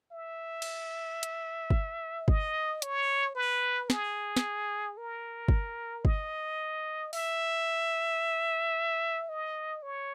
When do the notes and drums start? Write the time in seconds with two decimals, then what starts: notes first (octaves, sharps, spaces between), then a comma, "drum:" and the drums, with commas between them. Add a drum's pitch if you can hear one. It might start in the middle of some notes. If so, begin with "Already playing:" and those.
0.12 E5
0.62 drum: cymbal
1.23 drum: hi-hat
1.70 drum: kick
2.28 D#5, drum: kick
2.82 C#5, drum: hi-hat
3.35 B4
3.90 G#4, drum: snare
4.36 drum: snare
4.97 A#4
5.48 drum: kick
6.05 D#5, drum: kick
7.13 E5, drum: open hi-hat
9.29 D#5
9.82 C#5